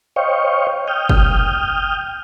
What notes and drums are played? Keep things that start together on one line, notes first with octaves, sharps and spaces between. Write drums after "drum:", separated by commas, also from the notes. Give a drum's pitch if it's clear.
C5 C#5 D#5 F5 G5 C#6
G5 D#6 F6 G6
drum: kick